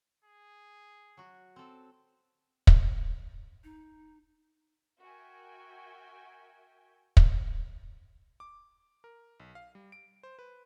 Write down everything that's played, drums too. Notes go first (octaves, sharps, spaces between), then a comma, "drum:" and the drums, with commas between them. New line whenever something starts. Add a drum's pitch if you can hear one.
G#4
F#3 F#4
C4 A4
drum: kick
D#4
F#4 A#4 E5 G5 G#5
drum: kick
D6
A#4
B1
F5
G3
D7
C5
B4